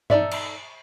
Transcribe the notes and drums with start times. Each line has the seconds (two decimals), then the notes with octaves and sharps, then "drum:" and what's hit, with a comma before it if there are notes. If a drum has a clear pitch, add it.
0.10 D#4 A4 D5 E5, drum: tom G2
0.31 drum: cymbal